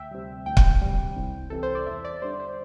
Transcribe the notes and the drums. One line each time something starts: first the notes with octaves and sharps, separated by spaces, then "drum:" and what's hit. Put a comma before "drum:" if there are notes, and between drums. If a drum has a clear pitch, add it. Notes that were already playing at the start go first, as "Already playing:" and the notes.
Already playing: D2 E5 G5
C3 G3
D2 G5
drum: kick
C3 G3
C2
C3 E3 A4
C5
D5
E2 E5
D5
D3 G3 C5
C5